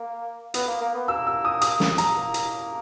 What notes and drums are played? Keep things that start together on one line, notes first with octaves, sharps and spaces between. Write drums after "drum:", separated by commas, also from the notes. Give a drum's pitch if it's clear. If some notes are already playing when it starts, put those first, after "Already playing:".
Already playing: A#3
B3, drum: hi-hat
A#3
A#3
B3
A#3 E6
E6
D#6
D#6, drum: hi-hat
drum: snare
A#5, drum: hi-hat
A#3
drum: hi-hat